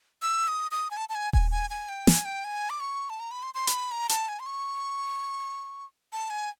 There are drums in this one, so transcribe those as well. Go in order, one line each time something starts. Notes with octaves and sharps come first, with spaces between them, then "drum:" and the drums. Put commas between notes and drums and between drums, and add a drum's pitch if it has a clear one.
E6
D#6
D#6
G#5
A5
A5
G#5
G#5, drum: kick D#1
G#5
G#5
G5
G#5, drum: snare
G5
G#5
D6
C#6
A5
A#5
B5
C6
C6
B5, drum: hi-hat
A#5
A5, drum: hi-hat
G#5
C6
C#6
A5
G#5